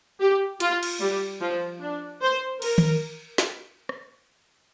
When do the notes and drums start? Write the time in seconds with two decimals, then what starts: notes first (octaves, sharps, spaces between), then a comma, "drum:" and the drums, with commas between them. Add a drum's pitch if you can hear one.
0.21 G4
0.60 F4, drum: hi-hat
0.83 drum: cymbal
1.00 G3
1.42 F3
1.81 D4
2.22 C5
2.62 A#4, drum: cymbal
2.78 drum: tom D#3
3.38 drum: snare
3.89 drum: rim click